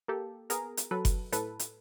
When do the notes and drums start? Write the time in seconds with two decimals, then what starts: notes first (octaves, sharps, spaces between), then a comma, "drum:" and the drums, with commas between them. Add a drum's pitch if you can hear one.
0.08 A#3 G4 A4
0.50 B3 G#4 A#4, drum: hi-hat
0.77 drum: hi-hat
0.91 F#3 A4 B4
1.05 drum: kick F#1, hi-hat
1.33 A2 A4 B4, drum: hi-hat
1.59 drum: hi-hat